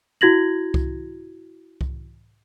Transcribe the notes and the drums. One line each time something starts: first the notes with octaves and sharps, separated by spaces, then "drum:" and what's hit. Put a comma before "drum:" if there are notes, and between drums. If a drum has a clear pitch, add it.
E4 F#4 G#6 A#6 F#7
drum: kick C2
drum: kick C2